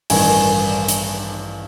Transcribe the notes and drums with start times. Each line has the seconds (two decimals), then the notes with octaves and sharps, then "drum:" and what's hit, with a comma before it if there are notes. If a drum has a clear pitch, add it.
0.10 A1 G2 D#3 G#5, drum: open hi-hat
0.88 drum: hi-hat